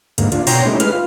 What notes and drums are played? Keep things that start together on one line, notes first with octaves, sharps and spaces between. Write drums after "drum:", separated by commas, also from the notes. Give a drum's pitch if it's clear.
D2 G#2 A#3, drum: hi-hat
D4 F4, drum: hi-hat
B2 C#5 G5 A#5 C6, drum: open hi-hat
G3 A3 C#4 D#4 E4
G#3 B4 F6, drum: hi-hat
F4